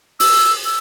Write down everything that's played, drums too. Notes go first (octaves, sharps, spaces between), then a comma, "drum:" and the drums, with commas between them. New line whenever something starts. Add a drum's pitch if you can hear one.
E6, drum: open hi-hat
E6